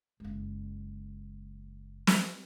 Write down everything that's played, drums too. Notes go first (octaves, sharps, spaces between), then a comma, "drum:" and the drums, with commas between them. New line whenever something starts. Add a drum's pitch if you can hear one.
F#1 G#3
drum: snare